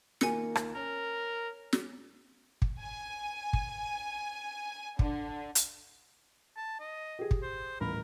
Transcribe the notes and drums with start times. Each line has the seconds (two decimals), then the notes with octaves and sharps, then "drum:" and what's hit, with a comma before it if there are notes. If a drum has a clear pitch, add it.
0.21 D#3 A#3 F4 G#5 C#7, drum: snare
0.55 drum: rim click
0.75 C#4 A#4
1.73 drum: snare
2.62 drum: kick
2.80 G#5
3.53 drum: kick
4.99 D3, drum: kick
5.55 drum: hi-hat
6.56 A5
6.80 D#5
7.19 G4 G#4
7.31 drum: kick
7.42 C5
7.80 D#1 A1 A#4 B5